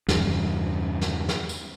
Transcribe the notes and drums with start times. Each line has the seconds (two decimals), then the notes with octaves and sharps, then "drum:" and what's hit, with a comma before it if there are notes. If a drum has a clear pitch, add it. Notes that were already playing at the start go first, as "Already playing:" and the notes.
0.08 E2 G2 C#3, drum: snare
1.01 drum: snare
1.29 drum: snare
1.49 drum: tambourine